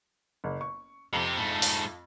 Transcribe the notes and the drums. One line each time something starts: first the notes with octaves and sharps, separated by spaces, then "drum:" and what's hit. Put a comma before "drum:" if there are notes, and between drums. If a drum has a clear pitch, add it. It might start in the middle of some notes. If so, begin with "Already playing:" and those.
F#1
C#6
F2 C3 G4
G#2 A3
drum: open hi-hat